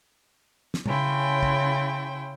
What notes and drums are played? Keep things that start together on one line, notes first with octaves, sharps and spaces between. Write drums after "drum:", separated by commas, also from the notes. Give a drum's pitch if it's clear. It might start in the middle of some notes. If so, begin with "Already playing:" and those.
drum: snare
C#3 C#4 E4 G5 C6, drum: tom
drum: kick